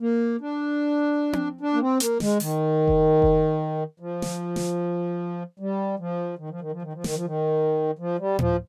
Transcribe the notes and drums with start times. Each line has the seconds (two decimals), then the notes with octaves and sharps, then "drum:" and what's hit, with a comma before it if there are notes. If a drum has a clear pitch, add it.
0.01 A#3
0.41 D4
1.33 drum: tom C4
1.61 D4
1.74 A#3
1.80 C4
2.00 A#3, drum: hi-hat
2.20 G#3, drum: snare
2.40 D#3, drum: open hi-hat
2.88 drum: kick F#1
3.22 drum: kick F#1
4.00 F3
4.22 drum: snare
4.56 drum: snare
5.59 G3
5.99 F3
6.39 D#3
6.49 F3
6.61 D#3
6.72 F3
6.82 D#3
6.93 F3
7.04 D#3, drum: snare
7.15 F3
7.26 D#3
7.99 F3
8.19 G3
8.39 F3, drum: tom A2